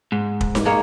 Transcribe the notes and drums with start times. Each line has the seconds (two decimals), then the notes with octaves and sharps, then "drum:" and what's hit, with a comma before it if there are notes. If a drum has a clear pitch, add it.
0.12 G#2
0.41 drum: kick
0.55 drum: snare D#4
0.65 G#3 A#3 C#5